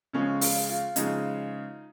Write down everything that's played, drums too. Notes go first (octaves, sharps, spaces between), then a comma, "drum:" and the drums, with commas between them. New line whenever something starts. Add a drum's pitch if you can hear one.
C#3 F3 G#3 C#4
F4, drum: open hi-hat
F4
C#3 F3 G#3 D#4, drum: hi-hat